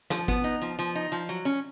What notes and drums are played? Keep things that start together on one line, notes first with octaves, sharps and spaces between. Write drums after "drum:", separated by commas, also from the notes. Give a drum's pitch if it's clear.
F3, drum: snare
B3, drum: kick G#1
D#4
F3
F3
D#4
F3
F#3
C#4